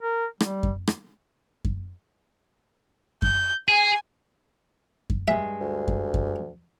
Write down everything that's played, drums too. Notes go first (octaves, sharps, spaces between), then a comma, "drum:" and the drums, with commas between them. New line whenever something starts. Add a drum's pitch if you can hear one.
A#4
G3, drum: rim click
drum: kick F#2
drum: rim click
drum: kick F#2
G6, drum: kick F#2
G#4 G#5
drum: kick F#2
G2 G#3 E5
D2
drum: kick F#2
drum: kick F#2